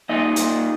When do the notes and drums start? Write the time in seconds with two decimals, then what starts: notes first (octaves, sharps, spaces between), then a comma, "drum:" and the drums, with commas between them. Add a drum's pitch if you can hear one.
0.09 A#2 D#4 D#5
0.36 A#2, drum: hi-hat